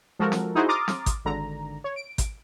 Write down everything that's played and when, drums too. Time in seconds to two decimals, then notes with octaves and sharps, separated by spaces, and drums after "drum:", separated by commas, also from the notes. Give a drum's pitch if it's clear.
0.19 F3 G#3 F#4 A4 A#4
0.32 drum: snare
0.55 D#4 E4 F#4 G#4 C5
0.68 A#5 C6 D6 D#6 F6 A6
0.88 drum: snare
1.06 drum: kick G#1, hi-hat
1.25 G#1 D3 A#5
1.84 C#5
1.96 D7
2.18 drum: kick G#1, hi-hat